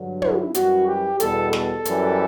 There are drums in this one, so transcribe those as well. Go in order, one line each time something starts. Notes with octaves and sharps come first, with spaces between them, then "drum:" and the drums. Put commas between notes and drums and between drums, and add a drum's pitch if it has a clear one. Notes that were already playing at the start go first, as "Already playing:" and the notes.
Already playing: G2 D3 F#3
E4, drum: tom
F#2 E3 G3 F#4, drum: hi-hat
G4
E2 B2 G3 A4, drum: hi-hat
A4, drum: snare
F#2 E3 G3, drum: hi-hat